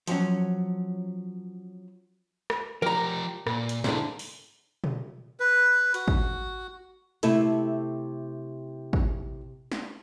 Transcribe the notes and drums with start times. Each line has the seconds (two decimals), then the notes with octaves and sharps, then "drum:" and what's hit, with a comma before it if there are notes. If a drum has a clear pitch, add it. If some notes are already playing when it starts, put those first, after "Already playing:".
0.07 F3 F#3 C#4, drum: hi-hat
2.50 drum: rim click
2.82 F3 G4 A#4 A#5
3.47 A#2, drum: rim click
3.69 drum: hi-hat
3.84 C#2 G#2 D3 E4 A#4, drum: snare
4.19 drum: open hi-hat
4.84 drum: tom
5.40 B4
5.94 F#4, drum: hi-hat
6.08 drum: kick
7.23 C3 A3 E4 A4, drum: hi-hat
8.93 drum: kick
9.72 drum: snare